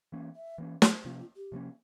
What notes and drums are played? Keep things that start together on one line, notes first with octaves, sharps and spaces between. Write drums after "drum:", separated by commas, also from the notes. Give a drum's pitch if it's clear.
E3 A#3 C#4
E5
E3 A#3 C#4
drum: snare
C3 F3 A#3 C#4 F4
F4
G4
C3 F3 A#3 C#4